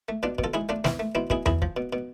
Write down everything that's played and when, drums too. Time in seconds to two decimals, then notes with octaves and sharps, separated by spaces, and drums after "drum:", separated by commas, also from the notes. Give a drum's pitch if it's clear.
0.09 A3
0.23 B2 D4 F4
0.39 B2, drum: kick
0.44 F4 A4
0.54 G#2 E4 G#4
0.69 A3 D4 F4
0.84 E2 C4 E4, drum: snare
0.99 A3
1.15 B2 C4 E4
1.30 B2 E4 G#4, drum: kick
1.46 E2 E4 G#4, drum: tom E2
1.62 F3, drum: kick
1.77 B2
1.93 B2